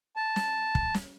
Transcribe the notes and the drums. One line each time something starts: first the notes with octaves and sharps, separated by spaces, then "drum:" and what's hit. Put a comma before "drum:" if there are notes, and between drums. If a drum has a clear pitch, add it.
A5
drum: snare
drum: kick
drum: snare